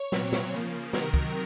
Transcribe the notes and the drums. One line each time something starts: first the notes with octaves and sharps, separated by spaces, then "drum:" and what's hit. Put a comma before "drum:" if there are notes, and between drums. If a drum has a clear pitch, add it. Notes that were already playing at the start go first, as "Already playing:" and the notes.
Already playing: C#5
A#2 F#3 C4, drum: snare
drum: snare
C#3 F3 A#3
C3 D#3 F#3 A#4, drum: snare
drum: kick